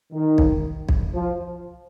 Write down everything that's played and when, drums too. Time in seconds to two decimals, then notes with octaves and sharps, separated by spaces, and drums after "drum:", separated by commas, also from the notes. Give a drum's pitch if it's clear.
0.13 D#3
0.38 drum: kick B1
0.89 drum: kick B1
1.13 F3